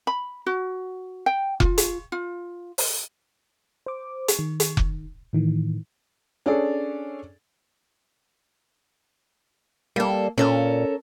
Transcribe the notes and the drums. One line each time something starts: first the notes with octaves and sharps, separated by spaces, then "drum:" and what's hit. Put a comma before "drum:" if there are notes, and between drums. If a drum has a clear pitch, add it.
B5
F#4
G5
F4, drum: kick F1
drum: hi-hat
F4
drum: open hi-hat
C5 D6
drum: hi-hat
D#3
drum: hi-hat
drum: kick F1
A2 D#3 E3
C#4 D4 G#4 A4 D5
G3 A#3 A4
A#2 C#4 A4 A#4